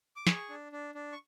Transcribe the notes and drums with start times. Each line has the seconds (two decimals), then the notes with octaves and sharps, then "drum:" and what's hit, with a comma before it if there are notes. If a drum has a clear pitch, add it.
0.16 D6
0.27 G#4 C#6, drum: snare
0.49 D4
0.72 D4
0.95 D4
1.12 C#6